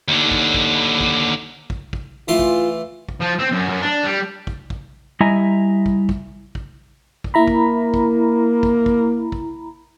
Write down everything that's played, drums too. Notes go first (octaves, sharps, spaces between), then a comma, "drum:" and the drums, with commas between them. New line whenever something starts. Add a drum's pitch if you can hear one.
D#2 D3
drum: kick
drum: kick
drum: kick
drum: kick
drum: kick
E3 A3 F4 C6
drum: kick
drum: kick
F3
C4
F#2
F#2
D4
G3
drum: kick
drum: kick
G3 E4 D#5 E5 G#5 A#5
drum: kick
drum: kick
drum: kick
drum: kick
A#3 E4 A#5 B5
drum: kick
drum: kick
drum: kick
drum: kick
drum: kick